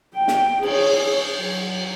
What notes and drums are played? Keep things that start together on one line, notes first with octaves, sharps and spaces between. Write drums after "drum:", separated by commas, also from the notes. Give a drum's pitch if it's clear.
G5
drum: snare
G#4 C#5, drum: cymbal
F#3